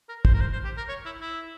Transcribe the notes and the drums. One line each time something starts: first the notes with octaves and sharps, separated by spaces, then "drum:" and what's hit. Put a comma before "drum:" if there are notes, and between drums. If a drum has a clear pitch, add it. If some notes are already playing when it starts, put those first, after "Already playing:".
A#4
C5, drum: kick
A#4
C5
C5
G4
A#4
C#5
E4
E4